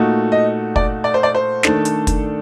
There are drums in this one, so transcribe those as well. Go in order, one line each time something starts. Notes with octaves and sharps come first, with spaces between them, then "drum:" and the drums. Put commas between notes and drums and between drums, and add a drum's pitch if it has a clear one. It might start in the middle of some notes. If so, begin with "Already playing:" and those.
Already playing: A#2 A3 D#4 F#4
D#5
D5, drum: kick
D5
C5
D5
C5
D#3 A3 D4 A4, drum: snare
drum: hi-hat
drum: kick, hi-hat